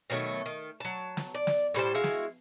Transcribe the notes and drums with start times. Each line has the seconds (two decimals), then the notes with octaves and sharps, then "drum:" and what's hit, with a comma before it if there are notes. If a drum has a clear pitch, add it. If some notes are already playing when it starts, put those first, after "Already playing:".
0.10 B2 D#3 F#3 A3
0.46 D#3
0.80 F#3 A5
1.17 drum: snare
1.34 D5
1.47 drum: snare
1.74 A2 G3 C5 A5
1.95 G#3 E4 F#4 F5
2.04 drum: snare